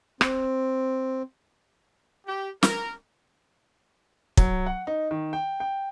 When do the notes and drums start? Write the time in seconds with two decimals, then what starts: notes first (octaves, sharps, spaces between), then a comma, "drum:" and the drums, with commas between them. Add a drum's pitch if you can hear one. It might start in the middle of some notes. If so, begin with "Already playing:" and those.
0.21 C4, drum: rim click
2.27 G4
2.63 A#4, drum: snare
4.37 F#3, drum: kick
4.66 F#5
4.87 D#4
5.11 D#3
5.33 G5
5.60 G5